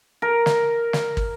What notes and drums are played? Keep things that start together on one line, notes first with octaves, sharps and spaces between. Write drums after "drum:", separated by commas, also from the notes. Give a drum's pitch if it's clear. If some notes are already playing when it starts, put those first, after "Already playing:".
A#4
drum: snare
drum: snare
drum: kick